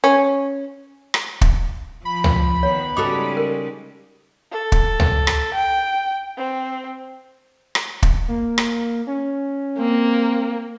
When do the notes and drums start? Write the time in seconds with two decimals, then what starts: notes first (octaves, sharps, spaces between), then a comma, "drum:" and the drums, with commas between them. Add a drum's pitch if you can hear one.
0.04 C#4
1.14 drum: rim click
1.41 drum: kick
2.05 F3 B5
2.24 drum: tom C#2
2.63 D#3 B3 C#5
2.97 C#3 G3 G#3 D#4 F#4 A4 D6
3.37 A#4
4.52 A4
4.72 drum: kick
5.00 drum: tom C#2
5.27 drum: rim click
5.54 G5
6.37 C4
7.75 drum: rim click
8.03 drum: kick
8.28 A#3
8.58 drum: rim click
9.07 C#4
9.78 A#3 C4